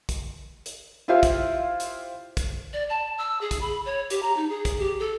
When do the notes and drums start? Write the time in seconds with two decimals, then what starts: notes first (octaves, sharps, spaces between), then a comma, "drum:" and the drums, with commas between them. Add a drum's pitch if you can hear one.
0.09 drum: kick, hi-hat
0.66 drum: hi-hat
1.08 E4 F4 G4 C5 E5 F5
1.23 drum: kick, hi-hat
1.80 drum: hi-hat
2.37 drum: kick, hi-hat
2.73 D5
2.90 A5
3.18 E6
3.41 G#4
3.51 drum: kick, hi-hat
3.61 B5
3.85 C#5
4.10 G4, drum: hi-hat
4.23 A#5
4.37 D#4
4.49 G#4
4.65 drum: kick, hi-hat
4.79 G4
5.00 A4